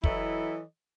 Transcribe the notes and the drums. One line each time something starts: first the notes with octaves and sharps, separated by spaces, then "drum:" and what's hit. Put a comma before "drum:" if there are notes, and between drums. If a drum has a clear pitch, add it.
E3 F#3 E4 A4 C#5 D#5, drum: kick